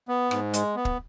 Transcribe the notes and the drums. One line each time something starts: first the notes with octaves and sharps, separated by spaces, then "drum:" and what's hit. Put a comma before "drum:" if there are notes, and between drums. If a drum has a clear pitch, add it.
B3
G#2, drum: rim click
G#3, drum: hi-hat
B3
drum: kick